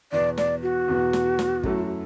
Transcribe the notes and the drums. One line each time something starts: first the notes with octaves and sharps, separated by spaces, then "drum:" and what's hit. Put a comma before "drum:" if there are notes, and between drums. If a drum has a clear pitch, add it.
E2 B2 B3 D5
D5, drum: snare
F#4
E2 B2 B3
drum: snare
drum: snare
F#2 F#3 A3 E4 A4, drum: kick